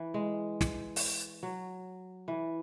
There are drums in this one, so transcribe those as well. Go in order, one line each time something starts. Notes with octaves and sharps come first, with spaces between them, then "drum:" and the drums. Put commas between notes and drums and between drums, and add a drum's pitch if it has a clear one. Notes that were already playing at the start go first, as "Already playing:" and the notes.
Already playing: E3
G#3
drum: snare
drum: open hi-hat
F#3
E3